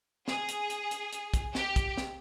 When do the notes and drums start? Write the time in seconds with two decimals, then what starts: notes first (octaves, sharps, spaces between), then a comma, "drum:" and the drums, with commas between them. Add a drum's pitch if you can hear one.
0.28 G#4, drum: snare
0.48 drum: hi-hat
0.70 drum: hi-hat
0.91 drum: hi-hat
1.12 drum: hi-hat
1.34 drum: kick, hi-hat
1.55 G4, drum: snare
1.76 drum: kick, hi-hat
1.97 drum: snare